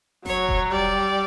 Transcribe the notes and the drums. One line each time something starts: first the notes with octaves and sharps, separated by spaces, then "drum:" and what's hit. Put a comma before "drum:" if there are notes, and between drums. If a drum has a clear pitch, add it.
F#3 C#5, drum: snare F#1
drum: kick E1
G3 D5